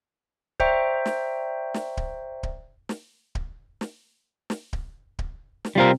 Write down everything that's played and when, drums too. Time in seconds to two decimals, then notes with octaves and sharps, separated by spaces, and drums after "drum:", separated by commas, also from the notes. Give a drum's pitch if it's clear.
0.60 C5 D5 E5 G5 A#5 C#6, drum: kick D1
1.06 drum: snare
1.74 drum: snare
1.97 drum: kick D1
2.43 drum: kick D1
2.89 drum: snare
3.35 drum: kick D1
3.81 drum: snare
4.50 drum: snare
4.73 drum: kick D1
5.19 drum: kick D1
5.65 drum: snare
5.75 C3 G3 C4 F4 A#4